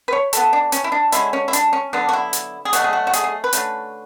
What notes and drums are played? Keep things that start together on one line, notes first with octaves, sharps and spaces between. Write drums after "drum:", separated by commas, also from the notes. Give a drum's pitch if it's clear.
B4
C#5
E3 B3 A4, drum: hi-hat
D4
C#4, drum: hi-hat
E4
D4
D3 G#3 C#4 E4, drum: hi-hat
C#4
E4
D4, drum: hi-hat
C#4
D3 F#3 B3 D4
F#4
E4
drum: hi-hat
G#4
B2 F#3 A3 F#4, drum: hi-hat
G#4
F#4
F#4
G#4, drum: hi-hat
G#4
B4
D3 A3 C#4, drum: hi-hat